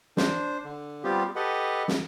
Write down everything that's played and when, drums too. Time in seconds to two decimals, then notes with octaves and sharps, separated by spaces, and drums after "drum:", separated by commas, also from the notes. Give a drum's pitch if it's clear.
0.17 D4 C5, drum: snare
0.64 D3
1.04 G3 B3 C4 F4 G4
1.36 G4 A4 B4 D#5 F#5
1.88 drum: snare